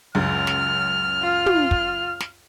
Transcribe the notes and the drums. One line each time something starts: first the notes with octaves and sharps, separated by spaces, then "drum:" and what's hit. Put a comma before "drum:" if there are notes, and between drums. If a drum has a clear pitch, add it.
C#2 F#2 F6
drum: snare
F4
drum: tom
drum: kick
drum: snare